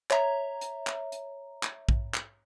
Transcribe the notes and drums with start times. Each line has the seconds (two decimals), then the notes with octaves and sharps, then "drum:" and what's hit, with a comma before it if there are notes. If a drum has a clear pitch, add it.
0.11 C#5 E5 A#5, drum: clap
0.61 drum: hi-hat
0.87 drum: clap
1.12 drum: hi-hat
1.63 drum: clap
1.89 drum: kick A#1
2.14 drum: clap